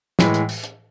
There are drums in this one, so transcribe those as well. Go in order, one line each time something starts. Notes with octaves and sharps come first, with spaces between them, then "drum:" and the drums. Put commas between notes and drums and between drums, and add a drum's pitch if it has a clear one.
A2 E3 G#3, drum: snare
drum: hi-hat
drum: open hi-hat
drum: hi-hat